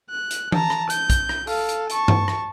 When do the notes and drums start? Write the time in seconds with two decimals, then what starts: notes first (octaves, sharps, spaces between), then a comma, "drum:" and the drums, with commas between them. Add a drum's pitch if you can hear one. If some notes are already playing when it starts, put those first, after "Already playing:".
0.10 F#6
0.31 drum: hi-hat
0.52 A5 A#5, drum: tom E3
0.70 drum: rim click
0.90 G6, drum: hi-hat
1.10 drum: kick A#1, hi-hat
1.29 drum: rim click
1.47 A4 F5, drum: open hi-hat
1.69 drum: hi-hat
1.90 A5 C#6, drum: hi-hat
2.08 drum: tom G2
2.28 drum: rim click